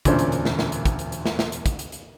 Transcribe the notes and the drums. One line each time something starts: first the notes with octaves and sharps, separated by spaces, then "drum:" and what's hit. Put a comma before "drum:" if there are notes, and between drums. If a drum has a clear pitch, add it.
E1 D2 A#2 C#4 D4 C5, drum: kick, hi-hat
drum: hi-hat
drum: hi-hat
drum: snare
drum: snare
drum: hi-hat
drum: kick, hi-hat
drum: hi-hat
drum: hi-hat
drum: snare
drum: snare
drum: hi-hat
drum: kick, hi-hat
drum: hi-hat
drum: hi-hat